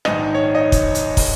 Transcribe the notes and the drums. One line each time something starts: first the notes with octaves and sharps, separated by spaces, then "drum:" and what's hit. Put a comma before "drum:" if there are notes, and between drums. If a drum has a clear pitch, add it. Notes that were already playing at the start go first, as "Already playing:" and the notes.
A#1 G#2 D#3 D#5, drum: rim click
C#5
D#5
drum: kick, hi-hat
drum: hi-hat
drum: kick, open hi-hat